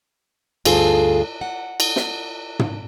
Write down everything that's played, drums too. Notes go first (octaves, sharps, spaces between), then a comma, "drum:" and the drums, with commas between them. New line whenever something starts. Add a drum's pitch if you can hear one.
D2 G2 F4 G#4 A4, drum: cymbal
F#5
drum: cymbal
drum: snare
drum: tom